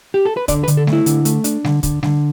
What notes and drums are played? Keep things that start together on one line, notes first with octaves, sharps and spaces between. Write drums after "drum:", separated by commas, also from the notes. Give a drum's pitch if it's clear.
G4
A4
B4
D3 D5, drum: kick, hi-hat
B4
D3, drum: hi-hat
A4
A3, drum: snare G3
E4
D3, drum: hi-hat
A3, drum: hi-hat
D4, drum: hi-hat
D3, drum: snare G3
D3, drum: kick, hi-hat
D3, drum: snare G3